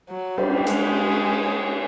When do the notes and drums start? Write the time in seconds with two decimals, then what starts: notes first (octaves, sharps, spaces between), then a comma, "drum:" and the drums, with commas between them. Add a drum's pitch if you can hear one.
0.10 F#3
0.38 G3, drum: cymbal
0.66 G#3, drum: hi-hat